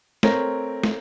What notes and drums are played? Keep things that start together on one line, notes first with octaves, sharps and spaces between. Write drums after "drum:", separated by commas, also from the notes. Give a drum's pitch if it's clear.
A3 C4 A#4 C#5 A#6, drum: snare
drum: snare